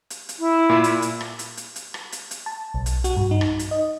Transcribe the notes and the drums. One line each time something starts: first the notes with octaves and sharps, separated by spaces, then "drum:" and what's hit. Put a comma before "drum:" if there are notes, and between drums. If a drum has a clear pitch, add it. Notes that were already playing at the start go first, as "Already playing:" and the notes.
drum: hi-hat
drum: hi-hat
E4
A#2
drum: hi-hat
drum: hi-hat
drum: rim click
drum: hi-hat
drum: hi-hat
drum: hi-hat
drum: rim click
drum: hi-hat
drum: hi-hat
A5
B1
drum: hi-hat
F#4, drum: hi-hat
G2
D#4
drum: rim click
drum: hi-hat
D#5